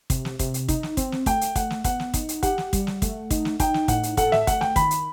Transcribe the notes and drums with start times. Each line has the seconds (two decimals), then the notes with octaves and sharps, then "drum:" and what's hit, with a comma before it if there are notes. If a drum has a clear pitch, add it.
0.10 C3, drum: kick, hi-hat
0.25 drum: snare
0.39 C3, drum: kick, hi-hat
0.54 drum: hi-hat
0.68 D#4, drum: kick, hi-hat
0.83 drum: snare
0.97 C4, drum: kick, hi-hat
1.12 drum: snare
1.26 A3 G5, drum: kick, hi-hat
1.41 drum: hi-hat
1.56 A3 F#5, drum: kick, hi-hat
1.70 drum: snare
1.84 B3 F#5, drum: kick, hi-hat
2.00 drum: snare
2.14 D#4, drum: kick, hi-hat
2.29 drum: hi-hat
2.43 G4 F#5, drum: kick, hi-hat
2.58 drum: snare
2.73 G3, drum: kick, hi-hat
2.87 drum: snare
3.02 A3, drum: kick, hi-hat
3.31 D#4, drum: kick, hi-hat
3.45 drum: snare
3.60 D#4 G5, drum: kick, hi-hat
3.74 drum: snare
3.88 A2 F#5, drum: kick, hi-hat
4.03 drum: hi-hat
4.17 A4 F#5, drum: kick, hi-hat
4.32 E5, drum: snare
4.47 A3 F#5, drum: kick, hi-hat
4.61 G5, drum: snare
4.76 D#3 B5, drum: kick, hi-hat
4.91 drum: hi-hat